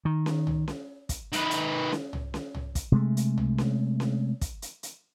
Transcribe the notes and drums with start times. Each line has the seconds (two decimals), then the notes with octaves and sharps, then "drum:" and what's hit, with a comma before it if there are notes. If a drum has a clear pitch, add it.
0.05 D#3
0.26 drum: snare C#4
0.47 drum: tom C2
0.68 drum: snare C#4
1.09 drum: kick, hi-hat
1.33 D#3 B4, drum: hi-hat
1.51 drum: hi-hat
1.92 drum: snare C#4
2.13 drum: tom C2
2.34 drum: snare C#4
2.55 drum: tom C2
2.75 drum: kick, hi-hat
2.92 C3 G#3 A3
3.17 drum: hi-hat
3.38 drum: tom C2
3.58 drum: snare C#4
4.00 drum: snare C#4
4.41 drum: kick, hi-hat
4.62 drum: hi-hat
4.83 drum: hi-hat